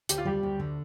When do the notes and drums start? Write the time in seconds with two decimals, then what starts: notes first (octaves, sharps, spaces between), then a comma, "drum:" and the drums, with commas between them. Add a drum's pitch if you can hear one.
0.09 D2 G4, drum: hi-hat
0.18 F4
0.25 G3 G4
0.43 D2
0.60 D3